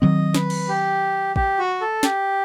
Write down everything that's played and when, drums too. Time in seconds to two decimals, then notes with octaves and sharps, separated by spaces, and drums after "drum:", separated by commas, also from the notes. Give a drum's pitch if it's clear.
0.01 D#3 F#3 C4 D#5
0.34 B4, drum: snare
0.50 drum: cymbal
0.69 G4
1.36 G4, drum: kick
1.59 F#4
1.81 A4
2.03 G4, drum: snare